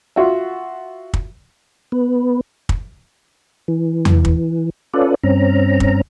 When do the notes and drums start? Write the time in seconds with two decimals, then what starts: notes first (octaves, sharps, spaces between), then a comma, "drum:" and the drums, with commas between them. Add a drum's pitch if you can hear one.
0.16 F4 F#4 E5
1.14 drum: kick
1.92 B3
2.69 drum: kick
3.68 E3
4.05 drum: tom E2
4.25 drum: kick
4.94 C#4 F4 A4 B4 D5
5.23 G2 C4 C#4 A#5
5.80 drum: kick